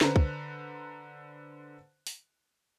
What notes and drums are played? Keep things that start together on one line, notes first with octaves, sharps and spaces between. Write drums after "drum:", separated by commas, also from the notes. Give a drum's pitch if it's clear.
D3 B4 C5 A#5, drum: snare
drum: kick
drum: open hi-hat